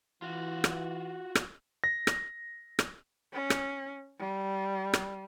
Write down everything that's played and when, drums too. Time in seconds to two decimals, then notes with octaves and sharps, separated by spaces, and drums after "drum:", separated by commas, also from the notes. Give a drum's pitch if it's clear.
0.22 E3 F4 F#4
0.64 drum: rim click
1.35 drum: rim click
1.84 A#6
2.07 drum: rim click
2.79 drum: rim click
3.32 C#4
3.50 drum: rim click
4.19 G3
4.94 drum: rim click